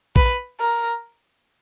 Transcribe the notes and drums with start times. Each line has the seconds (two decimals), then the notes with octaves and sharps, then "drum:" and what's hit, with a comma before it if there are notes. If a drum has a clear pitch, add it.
0.16 B4, drum: kick A#1
0.60 A#4